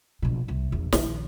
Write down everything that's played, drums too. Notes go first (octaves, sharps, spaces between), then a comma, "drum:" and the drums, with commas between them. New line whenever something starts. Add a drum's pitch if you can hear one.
A#1 B2
C2 C3
A#1 E2
A#1 D#3, drum: snare